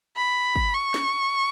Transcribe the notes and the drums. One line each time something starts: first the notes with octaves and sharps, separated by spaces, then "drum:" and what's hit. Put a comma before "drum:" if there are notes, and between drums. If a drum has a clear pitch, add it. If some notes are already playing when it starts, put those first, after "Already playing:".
B5
drum: kick
C#6
drum: snare